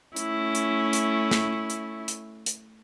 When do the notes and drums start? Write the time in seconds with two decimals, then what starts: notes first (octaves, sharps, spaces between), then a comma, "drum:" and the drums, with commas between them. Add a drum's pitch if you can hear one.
0.16 A3 C#4 E4, drum: hi-hat
0.55 drum: hi-hat
0.93 drum: hi-hat
1.31 drum: snare
1.70 drum: hi-hat
2.08 drum: hi-hat
2.46 drum: hi-hat